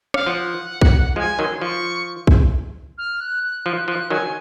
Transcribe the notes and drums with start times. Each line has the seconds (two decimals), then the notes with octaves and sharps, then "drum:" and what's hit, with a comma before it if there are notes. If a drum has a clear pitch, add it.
0.14 F5, drum: rim click
0.26 F3 F#5
0.81 drum: kick A#1
1.16 F3 G#3 G#5
1.39 D#3 F#3 C6
1.62 F3 C#6
2.27 drum: kick A#1
2.97 F6
3.20 F#6
3.43 F#6
3.66 F3
3.88 F3 F#6
4.10 D#3 F#3 G#5